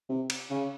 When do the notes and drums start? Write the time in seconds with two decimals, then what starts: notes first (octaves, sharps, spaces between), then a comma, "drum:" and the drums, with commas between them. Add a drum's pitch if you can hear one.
0.09 C3
0.30 drum: cymbal
0.50 C#3